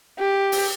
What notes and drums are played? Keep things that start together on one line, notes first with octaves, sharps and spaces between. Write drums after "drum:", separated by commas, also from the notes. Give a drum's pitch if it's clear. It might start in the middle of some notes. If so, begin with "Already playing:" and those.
G4
drum: open hi-hat